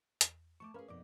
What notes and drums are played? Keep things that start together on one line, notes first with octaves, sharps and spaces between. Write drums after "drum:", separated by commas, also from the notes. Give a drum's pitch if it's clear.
E2, drum: hi-hat
A3 A5 C#6 D6
C#4 G#4 A#4 B4 F5
F2 B2 D#4 D5 D6